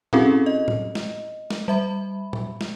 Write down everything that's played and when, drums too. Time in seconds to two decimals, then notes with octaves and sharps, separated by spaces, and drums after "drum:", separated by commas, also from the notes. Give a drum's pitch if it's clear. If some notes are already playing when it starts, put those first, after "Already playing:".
0.13 C4 C#4 E4 F#4 G#4 A4, drum: tom A#2
0.46 D#5
0.68 drum: tom A2
0.95 drum: snare
1.50 drum: snare
1.68 G3 E5 B5
2.33 drum: tom A#2
2.61 drum: snare